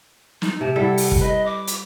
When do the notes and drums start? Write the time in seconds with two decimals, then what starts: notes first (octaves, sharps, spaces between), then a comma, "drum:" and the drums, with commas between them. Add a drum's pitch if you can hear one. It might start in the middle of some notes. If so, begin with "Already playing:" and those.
0.42 D#4, drum: snare
0.61 C3 A5
0.76 G3 E4 A4 F#5
0.98 drum: open hi-hat
1.11 drum: kick G1
1.21 B4 D#5
1.46 D6
1.67 drum: hi-hat